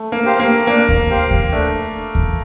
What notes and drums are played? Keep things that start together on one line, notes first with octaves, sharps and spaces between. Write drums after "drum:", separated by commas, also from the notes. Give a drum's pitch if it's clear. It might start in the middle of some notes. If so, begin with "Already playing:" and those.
Already playing: A3
A#3
G4 C5 F5
A#3
A#3 D4
drum: kick D#2
G4 C5 F5
drum: kick D#2
A3 D4
drum: kick D#2